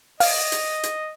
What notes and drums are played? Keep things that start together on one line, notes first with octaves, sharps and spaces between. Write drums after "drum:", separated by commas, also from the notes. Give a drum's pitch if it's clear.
D#5 F5, drum: open hi-hat
drum: hi-hat
drum: hi-hat